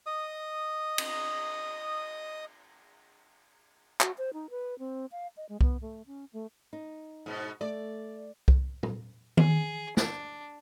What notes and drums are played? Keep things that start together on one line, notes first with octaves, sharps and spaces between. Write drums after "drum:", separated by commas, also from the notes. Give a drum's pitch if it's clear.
D#5 D#6
drum: cymbal
F#4, drum: clap
C5
D#4
B4
C4
F5
D#5
G#3
B3, drum: kick C2
A3
C#4
A3
D#4
G#2 B2
A3 D5
drum: kick C2
drum: tom
G#4, drum: tom D#3
D4, drum: snare